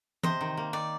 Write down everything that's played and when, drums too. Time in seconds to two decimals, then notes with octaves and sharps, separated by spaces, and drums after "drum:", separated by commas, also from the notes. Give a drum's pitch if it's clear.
0.23 C3 C5 D#5, drum: tom E3
0.41 D#3
0.57 A#3
0.73 D#3 D5